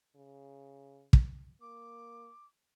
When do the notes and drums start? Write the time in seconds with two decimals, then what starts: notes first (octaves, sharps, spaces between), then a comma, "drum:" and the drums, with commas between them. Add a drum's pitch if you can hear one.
0.16 C#3
1.13 drum: kick
1.61 A#3 D6